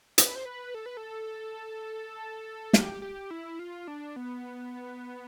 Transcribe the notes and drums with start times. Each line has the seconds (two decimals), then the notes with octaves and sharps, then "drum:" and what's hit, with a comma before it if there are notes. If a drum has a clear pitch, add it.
0.18 B4, drum: hi-hat
0.36 C5
0.45 B4
0.74 A4
0.86 B4
0.97 A4
2.73 G4, drum: snare
3.02 G4
3.31 E4
3.59 F4
3.88 D4
4.16 B3